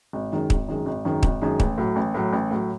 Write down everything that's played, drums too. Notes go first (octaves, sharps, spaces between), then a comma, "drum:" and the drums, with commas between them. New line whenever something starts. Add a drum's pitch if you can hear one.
G#1
F#2 D#3 G#3
G#1, drum: kick
F#2 D#3 G#3
G#1
F#2 D#3 G#3
G#1, drum: kick
F#2 D#3 G#3
A1, drum: kick
A2 F#3
A1
A2 F#3
A1
A2 F#3